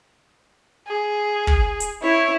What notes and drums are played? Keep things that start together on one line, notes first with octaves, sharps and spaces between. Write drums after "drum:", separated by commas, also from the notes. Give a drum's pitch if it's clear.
G#4
drum: kick
drum: hi-hat
E4 C#5